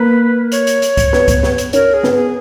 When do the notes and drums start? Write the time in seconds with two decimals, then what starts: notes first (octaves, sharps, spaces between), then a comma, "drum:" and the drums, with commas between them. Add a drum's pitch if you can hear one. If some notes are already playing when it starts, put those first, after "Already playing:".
Already playing: A#3 A#4 B4
0.52 C#5, drum: hi-hat
0.67 drum: hi-hat
0.82 drum: hi-hat
0.97 drum: kick C#2, hi-hat
1.13 B3 B4, drum: snare
1.28 drum: kick C#2, hi-hat
1.43 drum: snare
1.58 drum: hi-hat
1.73 C#4 A#4 C#5, drum: hi-hat
1.94 G#4
2.03 B3 B4, drum: snare
2.14 G#4